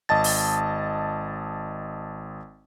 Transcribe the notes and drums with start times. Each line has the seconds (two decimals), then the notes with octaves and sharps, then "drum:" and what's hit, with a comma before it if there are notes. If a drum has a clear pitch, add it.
0.09 G#1 D#5 A5 A6
0.24 drum: open hi-hat